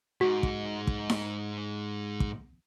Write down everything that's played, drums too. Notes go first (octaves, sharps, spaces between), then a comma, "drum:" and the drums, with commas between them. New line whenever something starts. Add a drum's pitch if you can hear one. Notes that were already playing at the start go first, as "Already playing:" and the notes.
G#2 F#4
drum: kick
drum: kick
drum: snare D#4
drum: kick